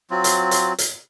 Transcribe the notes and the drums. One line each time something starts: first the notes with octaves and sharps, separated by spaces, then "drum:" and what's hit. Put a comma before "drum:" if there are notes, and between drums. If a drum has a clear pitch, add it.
F#3 C4 F4
drum: hi-hat
drum: hi-hat
drum: hi-hat